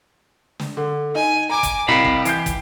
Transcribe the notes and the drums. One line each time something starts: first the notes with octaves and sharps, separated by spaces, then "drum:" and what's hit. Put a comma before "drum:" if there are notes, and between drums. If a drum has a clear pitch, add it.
drum: snare
D3
D#4 G#5
G#5 A#5 D6 D7
drum: kick, hi-hat
C2 G4 D#5 F5 B5 C#7 D7
drum: kick
E3 G6 C7 D7, drum: hi-hat
drum: kick, hi-hat